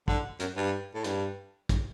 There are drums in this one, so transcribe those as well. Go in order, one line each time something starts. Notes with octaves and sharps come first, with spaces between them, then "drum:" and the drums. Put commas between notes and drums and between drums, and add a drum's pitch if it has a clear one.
D3, drum: kick
F#2, drum: hi-hat
G2
A2
G2, drum: hi-hat
drum: kick, hi-hat